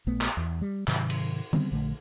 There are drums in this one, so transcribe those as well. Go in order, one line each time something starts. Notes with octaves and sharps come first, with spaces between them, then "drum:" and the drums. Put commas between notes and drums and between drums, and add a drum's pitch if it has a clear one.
A#1 A3 B3
drum: clap
E2
G3
G#2 C3 D#3 F#3, drum: clap
drum: cymbal
D3 G3 B3 C4, drum: tom
A#1 D3 A3